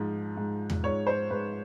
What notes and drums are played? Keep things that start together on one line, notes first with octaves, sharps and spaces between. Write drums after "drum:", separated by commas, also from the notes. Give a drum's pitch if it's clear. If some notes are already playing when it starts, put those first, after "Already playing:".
Already playing: G#2 F3
G#2
drum: tom E2
G#2 C#5
C5
G#2 B4